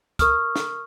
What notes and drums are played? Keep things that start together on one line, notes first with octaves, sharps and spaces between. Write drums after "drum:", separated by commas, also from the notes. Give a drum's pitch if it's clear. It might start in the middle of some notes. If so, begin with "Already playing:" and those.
A#4 C#6 D#6 F6, drum: kick, hi-hat
drum: snare